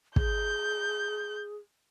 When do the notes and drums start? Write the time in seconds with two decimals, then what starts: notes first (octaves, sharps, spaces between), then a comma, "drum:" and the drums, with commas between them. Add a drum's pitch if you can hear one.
0.16 G#4 G6, drum: kick